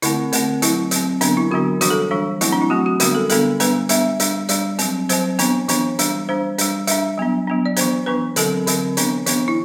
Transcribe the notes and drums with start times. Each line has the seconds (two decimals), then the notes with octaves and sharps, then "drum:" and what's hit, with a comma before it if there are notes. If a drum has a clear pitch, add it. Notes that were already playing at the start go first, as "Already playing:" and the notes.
0.02 D3 A3 C4 E4, drum: hi-hat
0.33 D3 A3 C4, drum: hi-hat
0.62 F#3 C4 E4, drum: hi-hat
0.91 F#3 C4, drum: hi-hat
1.21 D3 F#3 B3 D4, drum: hi-hat
1.37 E4
1.51 D3 F#3 B3 D4 F#4
1.81 E3 G3 D4 F#4, drum: hi-hat
1.90 A4
2.11 E3 G3 D4
2.41 F#3 A3 C4 E4, drum: hi-hat
2.53 D4
2.61 E4
2.70 F#3 A3 C4 F#4
2.86 F#4
3.00 D3 G3 B3 D4 F#4, drum: hi-hat
3.15 A4
3.30 D3 G3 B3 D4 A4, drum: hi-hat
3.60 G3 B3 D4 B4, drum: hi-hat
3.89 G3 B3 D4 E5, drum: hi-hat
4.20 G3 D4, drum: hi-hat
4.49 G3 D4 D5, drum: hi-hat
4.79 F#3 C4, drum: hi-hat
5.09 F#3 C4 C5, drum: hi-hat
5.39 E3 B3 D4, drum: hi-hat
5.69 E3 B3 D4, drum: hi-hat
5.99 G3 D4, drum: hi-hat
6.29 G3 D4 C5
6.58 G3 D4, drum: hi-hat
6.87 G3 D4 E5, drum: hi-hat
7.18 F#3 B3 D4
7.47 F#3 B3 D4
7.66 D5
7.77 E3 B3 D4 C5, drum: hi-hat
8.06 E3 B3 D4 B4
8.36 D3 F#3 C4 A4, drum: hi-hat
8.67 D3 F#3 C4, drum: hi-hat
8.97 E3 B3 D4, drum: hi-hat
9.26 E3 B3 D4, drum: hi-hat
9.48 E4